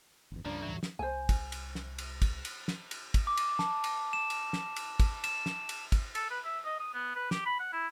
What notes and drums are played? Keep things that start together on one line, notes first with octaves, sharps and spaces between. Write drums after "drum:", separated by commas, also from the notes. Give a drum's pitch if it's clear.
G1 E2
C#2 G2 C#3 F3 A#3 D4 A#5
D#2 A2 E3 F#3
drum: snare
C2 C5 G#5
drum: kick, cymbal
drum: cymbal
drum: snare
drum: cymbal
drum: kick, cymbal
drum: cymbal
drum: snare
drum: cymbal
drum: kick, cymbal
D6
drum: cymbal
A5, drum: snare
drum: cymbal
E7
drum: cymbal
drum: snare
drum: cymbal
drum: kick, cymbal
E7, drum: cymbal
drum: snare
drum: cymbal
drum: kick, cymbal
A4, drum: cymbal
B4
E5
D#5
D#6
B3
B4
G4, drum: snare
B5
F#5
E4